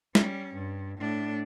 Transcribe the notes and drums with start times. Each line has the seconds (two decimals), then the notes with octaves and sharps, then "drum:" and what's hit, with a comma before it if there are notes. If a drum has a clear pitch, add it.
0.15 G3 C#4, drum: snare
0.54 G2
0.99 A2 D4